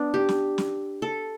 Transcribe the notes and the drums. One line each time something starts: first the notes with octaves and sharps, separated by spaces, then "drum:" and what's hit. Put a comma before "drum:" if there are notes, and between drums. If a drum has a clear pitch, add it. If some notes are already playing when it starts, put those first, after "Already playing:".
Already playing: B3 D4
G4
drum: snare
drum: snare
A4